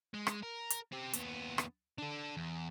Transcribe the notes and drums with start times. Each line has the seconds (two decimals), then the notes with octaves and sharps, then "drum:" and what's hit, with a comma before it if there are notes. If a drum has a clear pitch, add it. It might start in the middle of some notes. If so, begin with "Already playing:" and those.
0.14 G#3
0.27 drum: rim click
0.43 A#4
0.70 drum: hi-hat
0.92 C4 G4
1.13 D#2 B3, drum: hi-hat
1.58 drum: rim click
1.98 D4 A4
2.37 E2